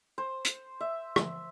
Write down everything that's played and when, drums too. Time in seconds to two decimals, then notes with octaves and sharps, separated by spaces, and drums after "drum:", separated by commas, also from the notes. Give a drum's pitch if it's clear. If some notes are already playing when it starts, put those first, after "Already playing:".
0.18 C5
0.45 drum: hi-hat
0.80 E5
1.16 drum: rim click